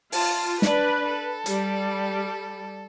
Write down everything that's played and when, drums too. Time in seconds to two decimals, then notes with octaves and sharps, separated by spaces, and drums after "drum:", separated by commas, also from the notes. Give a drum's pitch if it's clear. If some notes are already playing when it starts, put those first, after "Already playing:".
0.12 F4 A5, drum: open hi-hat
0.62 D4 B4 D5, drum: snare
1.06 A4
1.46 G3, drum: hi-hat